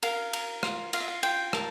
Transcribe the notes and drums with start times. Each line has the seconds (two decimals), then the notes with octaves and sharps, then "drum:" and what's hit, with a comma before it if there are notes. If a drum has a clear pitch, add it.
0.03 A#4 F5, drum: cymbal
0.33 A#4, drum: cymbal
0.63 F4, drum: rim click
0.93 F4 F5, drum: cymbal
1.00 E5
1.08 F5
1.23 F4 G5, drum: cymbal
1.53 A#4 A5, drum: rim click